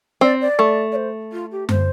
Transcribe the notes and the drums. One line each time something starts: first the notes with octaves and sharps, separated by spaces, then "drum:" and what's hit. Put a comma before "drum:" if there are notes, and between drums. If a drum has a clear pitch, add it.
C4 D5
D5
A3
D5
C5
F4
G4
C5, drum: tom F#2